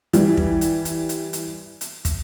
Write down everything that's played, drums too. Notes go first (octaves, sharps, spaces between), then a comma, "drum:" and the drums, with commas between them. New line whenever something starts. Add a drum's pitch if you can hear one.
E3 G3, drum: hi-hat
drum: kick
drum: hi-hat
drum: hi-hat
drum: hi-hat
drum: hi-hat
drum: hi-hat
drum: kick, hi-hat